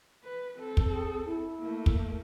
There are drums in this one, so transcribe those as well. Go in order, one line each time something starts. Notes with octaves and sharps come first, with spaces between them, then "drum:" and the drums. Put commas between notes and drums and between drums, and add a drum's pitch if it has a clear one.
B4
C4 A4
drum: kick
G#4
E4
A3 A#3
drum: kick